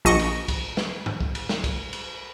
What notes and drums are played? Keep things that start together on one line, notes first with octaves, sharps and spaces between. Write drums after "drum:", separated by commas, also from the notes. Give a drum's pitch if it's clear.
A#1 D#5 C#6
drum: cymbal
drum: kick, cymbal
drum: snare
drum: tom G2
drum: kick
drum: cymbal
drum: snare
drum: kick, cymbal
drum: cymbal